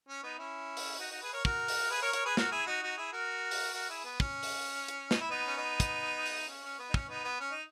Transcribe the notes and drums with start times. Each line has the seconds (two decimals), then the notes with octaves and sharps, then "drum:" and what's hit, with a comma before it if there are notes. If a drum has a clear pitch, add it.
0.09 C#4
0.24 B3 D#4
0.39 C#4 E4
0.77 drum: open hi-hat
0.99 D#4 F#4
1.11 D#4 F#4
1.22 G#4 B4
1.33 A#4 C#5
1.45 F#4 A#4, drum: kick
1.68 drum: open hi-hat
1.91 G#4 B4
2.02 A#4 C#5
2.13 A#4 C#5, drum: hi-hat
2.25 G#4 B4
2.37 F#4 A#4, drum: snare
2.52 E4 G#4
2.67 D#4 F#4
2.82 D#4 F#4
2.98 E4 G#4
3.13 F#4 A#4
3.51 drum: open hi-hat
3.74 F#4 A#4
3.89 E4 G#4
4.05 B3
4.20 C#4, drum: kick
4.43 drum: open hi-hat
4.88 drum: hi-hat
5.11 D#4, drum: snare
5.21 E4
5.30 B3 D#4
5.47 C#4
5.57 B3 D#4
5.80 drum: kick, hi-hat
6.26 drum: open hi-hat
6.49 C#4
6.64 C#4
6.79 B3
6.90 D#4
6.94 C#4, drum: kick
7.09 B3 D#4
7.25 B3
7.40 C#4
7.51 D#4